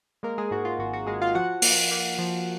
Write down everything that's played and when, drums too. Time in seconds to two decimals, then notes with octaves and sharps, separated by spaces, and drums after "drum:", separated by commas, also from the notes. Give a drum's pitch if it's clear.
0.23 G#3 A#3 A#4
0.38 G#3 G#4
0.51 G#2 F#4
0.65 F4
0.79 G#1 F#4
0.93 F#4
1.07 G#1 G#3 G#4
1.22 F4 F5
1.35 F3 F#4 F#5
1.62 A#3, drum: open hi-hat
1.91 A#3
2.18 F3